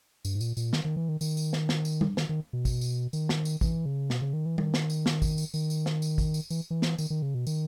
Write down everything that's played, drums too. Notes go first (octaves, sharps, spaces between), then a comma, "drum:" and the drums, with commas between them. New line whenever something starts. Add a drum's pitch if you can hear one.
G2, drum: tambourine
G#2
A#2, drum: tambourine
A#2, drum: tambourine
D#3, drum: snare
D#3
E3
D#3
D#3, drum: tambourine
drum: tambourine
drum: snare
drum: snare
drum: tambourine
drum: tom G3
D#3, drum: snare
D#3
B2
drum: kick, tambourine
drum: tambourine
D#3, drum: tambourine
drum: snare
drum: tambourine
E3, drum: kick, tambourine
C#3
B2, drum: snare
C#3
D#3
E3
D#3, drum: tom G3
drum: snare
drum: tambourine
drum: snare
drum: kick, tambourine
drum: tambourine
D#3, drum: tambourine
drum: tambourine
drum: snare
drum: tambourine
drum: kick, tambourine
drum: tambourine
E3, drum: tambourine
E3
drum: snare
D#3, drum: tambourine
D#3
C#3
B2
D#3, drum: tambourine